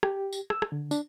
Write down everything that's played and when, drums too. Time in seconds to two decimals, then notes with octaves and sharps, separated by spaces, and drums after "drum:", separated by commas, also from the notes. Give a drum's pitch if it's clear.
0.03 G4, drum: rim click
0.33 drum: tambourine
0.50 E6, drum: rim click
0.62 drum: rim click
0.72 D3
0.91 D4, drum: tambourine